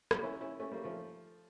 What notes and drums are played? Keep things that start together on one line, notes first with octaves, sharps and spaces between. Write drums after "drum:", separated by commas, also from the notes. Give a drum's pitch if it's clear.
G3 A#3, drum: rim click
C#4 E4
C#4 E4
A3 C#4
G3 A#3
F3 A3